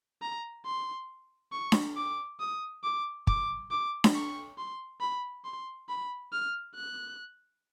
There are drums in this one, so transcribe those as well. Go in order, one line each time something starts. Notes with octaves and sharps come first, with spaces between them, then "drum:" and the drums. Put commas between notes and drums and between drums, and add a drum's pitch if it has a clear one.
A#5
C6
C#6
drum: snare D4
D6
D#6
D6
D6, drum: kick
D6
drum: snare D4
C#6
C6
B5
C6
B5
F6
F#6